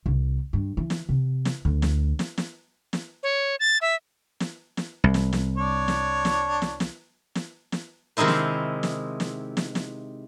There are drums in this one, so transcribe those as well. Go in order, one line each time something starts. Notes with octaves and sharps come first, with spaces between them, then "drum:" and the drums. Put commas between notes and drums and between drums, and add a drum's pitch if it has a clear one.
C2
G2
E3
drum: snare
C3
drum: snare
D2
drum: snare
drum: snare
drum: snare
drum: snare
C#5
A6
E5
drum: snare
drum: snare
C2
drum: snare
drum: snare
D4 C#5
drum: snare
drum: snare
drum: snare
drum: snare
drum: snare
drum: snare
C3 D#3 G#3 D#4 E4 C5
drum: snare
drum: snare
drum: snare
drum: snare
drum: snare